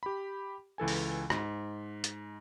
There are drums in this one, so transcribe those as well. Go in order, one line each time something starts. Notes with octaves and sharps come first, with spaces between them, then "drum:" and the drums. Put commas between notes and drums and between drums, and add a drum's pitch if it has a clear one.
G4 B5
C#2 E3 A4 G#5
drum: open hi-hat
G#2, drum: rim click
drum: hi-hat